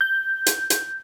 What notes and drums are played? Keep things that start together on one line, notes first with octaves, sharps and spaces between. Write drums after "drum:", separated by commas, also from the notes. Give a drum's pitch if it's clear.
G6
drum: hi-hat
drum: hi-hat